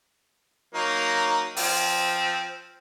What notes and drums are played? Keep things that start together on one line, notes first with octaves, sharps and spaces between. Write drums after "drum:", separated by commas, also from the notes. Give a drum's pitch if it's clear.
F#3 A#3 D#4
F3 C4, drum: open hi-hat